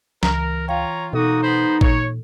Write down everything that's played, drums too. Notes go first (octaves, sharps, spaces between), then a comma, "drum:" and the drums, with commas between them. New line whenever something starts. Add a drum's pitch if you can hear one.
C#2 E3 A#4 A#5, drum: snare
F4 C#5 F5 G5 A#5
B2 A#3 D#4 F#4 A4 D#6
B3 C5 B5
A#2 C#5, drum: kick